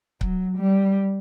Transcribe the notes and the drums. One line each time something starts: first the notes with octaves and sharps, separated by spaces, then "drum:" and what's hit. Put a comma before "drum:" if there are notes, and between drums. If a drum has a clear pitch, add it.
F#3, drum: kick C#1
G3